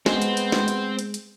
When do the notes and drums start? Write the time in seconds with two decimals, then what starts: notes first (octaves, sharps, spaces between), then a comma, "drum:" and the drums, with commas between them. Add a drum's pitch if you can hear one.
0.06 G#3 B3 C4, drum: snare
0.22 drum: hi-hat
0.37 drum: hi-hat
0.52 drum: snare
0.68 drum: hi-hat
0.99 drum: hi-hat
1.14 drum: hi-hat